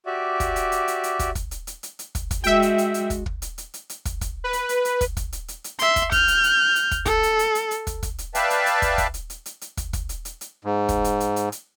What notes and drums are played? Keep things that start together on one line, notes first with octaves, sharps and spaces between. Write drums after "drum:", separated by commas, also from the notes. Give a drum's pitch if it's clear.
F#4 G4 D5 E5
drum: kick, hi-hat
drum: hi-hat
drum: hi-hat
drum: hi-hat
drum: hi-hat
drum: kick, hi-hat
drum: kick, hi-hat
drum: hi-hat
drum: hi-hat
drum: hi-hat
drum: hi-hat
drum: kick, hi-hat
drum: kick, hi-hat
G#3 F#4 E5 G5, drum: hi-hat
drum: hi-hat
drum: hi-hat
drum: hi-hat
drum: kick, hi-hat
drum: kick
drum: hi-hat
drum: hi-hat
drum: hi-hat
drum: hi-hat
drum: kick, hi-hat
drum: kick, hi-hat
B4
drum: hi-hat
drum: hi-hat
drum: hi-hat
drum: kick, hi-hat
drum: kick, hi-hat
drum: hi-hat
drum: hi-hat
drum: hi-hat
E5 C6, drum: hi-hat
drum: kick, hi-hat
F6 G6, drum: kick, hi-hat
drum: hi-hat
drum: hi-hat
drum: hi-hat
drum: kick, hi-hat
A4, drum: kick, hi-hat
drum: hi-hat
drum: hi-hat
drum: hi-hat
drum: hi-hat
drum: kick, hi-hat
drum: kick, hi-hat
drum: hi-hat
B4 D5 E5 F5 G5 A5, drum: hi-hat
drum: hi-hat
drum: hi-hat
drum: kick, hi-hat
drum: kick, hi-hat
drum: hi-hat
drum: hi-hat
drum: hi-hat
drum: hi-hat
drum: kick, hi-hat
drum: kick, hi-hat
drum: hi-hat
drum: hi-hat
drum: hi-hat
G#2
drum: kick, hi-hat
drum: hi-hat
drum: hi-hat
drum: hi-hat
drum: hi-hat